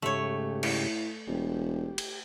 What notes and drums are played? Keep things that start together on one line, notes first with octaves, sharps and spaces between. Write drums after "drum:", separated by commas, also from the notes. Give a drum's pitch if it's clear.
G#2 C#3 A3 G4 C#5
A2, drum: cymbal
E1 G4
drum: cymbal